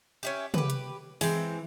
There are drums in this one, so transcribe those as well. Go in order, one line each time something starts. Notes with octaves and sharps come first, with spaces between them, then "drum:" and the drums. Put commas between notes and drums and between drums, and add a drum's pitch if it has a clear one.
C#4 E4 G4
G4 B4, drum: tom
drum: hi-hat
E3 G#3 C4, drum: open hi-hat